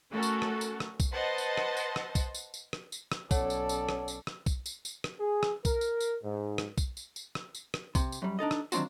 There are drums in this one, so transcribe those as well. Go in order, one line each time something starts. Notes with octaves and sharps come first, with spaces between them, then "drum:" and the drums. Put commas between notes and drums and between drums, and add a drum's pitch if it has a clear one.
A3 C#4 F#4 A4 A#4
drum: tambourine
drum: rim click
drum: tambourine
drum: rim click
drum: kick B1, tambourine
B4 C5 D#5 F#5 A5 C6
drum: tambourine
drum: rim click
drum: tambourine
drum: rim click
drum: kick B1, tambourine
drum: tambourine
drum: tambourine
drum: rim click
drum: tambourine
drum: rim click
B1 C#4 A4 C#5 D5 F#5 A5, drum: kick B1, tambourine
drum: tambourine
drum: tambourine
drum: rim click
drum: tambourine
drum: rim click
drum: kick B1, tambourine
drum: tambourine
drum: tambourine
drum: rim click
G#4
drum: rim click
A#4, drum: kick B1, tambourine
drum: tambourine
drum: tambourine
G#2
drum: rim click
drum: kick B1, tambourine
drum: tambourine
drum: tambourine
drum: rim click
drum: tambourine
drum: rim click
C3, drum: kick B1, tambourine
drum: tambourine
F#2 G3
D4 D#4 A4 D#5
drum: rim click
D#3 F#3 C4 D4 F4 F#4, drum: tambourine